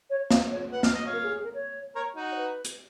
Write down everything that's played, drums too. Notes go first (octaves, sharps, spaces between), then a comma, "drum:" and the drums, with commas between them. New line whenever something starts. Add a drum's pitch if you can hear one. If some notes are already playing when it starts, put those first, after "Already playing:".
C#5
F5, drum: snare
C#5
B4 F#5
F5, drum: snare
D#5
C#5 F5
A#4
G#4
G#4
A#4
C#5
A#4 C#5
D#4 F#4
C#5
B4
drum: hi-hat